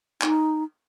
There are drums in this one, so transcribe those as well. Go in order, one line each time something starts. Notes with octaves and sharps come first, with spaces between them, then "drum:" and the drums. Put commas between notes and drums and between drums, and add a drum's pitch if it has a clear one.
D#4, drum: clap